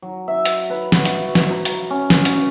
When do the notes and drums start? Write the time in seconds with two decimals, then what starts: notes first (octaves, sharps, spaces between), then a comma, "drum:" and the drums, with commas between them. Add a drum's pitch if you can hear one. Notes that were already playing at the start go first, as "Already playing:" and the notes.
0.02 F#3
0.28 E5
0.45 drum: hi-hat
0.70 B4
0.92 F#4, drum: snare
1.05 drum: hi-hat
1.35 drum: snare
1.50 A#5
1.65 drum: hi-hat
1.90 C#4
2.10 drum: snare
2.25 drum: hi-hat